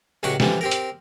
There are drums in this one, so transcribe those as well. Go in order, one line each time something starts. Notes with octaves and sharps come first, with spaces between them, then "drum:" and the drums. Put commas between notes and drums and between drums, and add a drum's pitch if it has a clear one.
C#2 A2 F#3 G4 F#5 C#6
D3 E3 F3 G3, drum: snare
C4 G4 A#4
drum: hi-hat